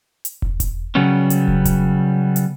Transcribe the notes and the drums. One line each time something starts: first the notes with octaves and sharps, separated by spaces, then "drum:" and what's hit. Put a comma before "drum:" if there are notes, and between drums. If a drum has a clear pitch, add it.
drum: hi-hat
drum: kick
drum: kick, hi-hat
C#3 F#3 G3 B3 C#4
drum: hi-hat
drum: kick
drum: kick, hi-hat
drum: hi-hat